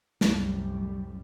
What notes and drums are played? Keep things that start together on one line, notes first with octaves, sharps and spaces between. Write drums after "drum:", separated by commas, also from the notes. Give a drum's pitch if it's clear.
C2 F#2 A2 G3, drum: snare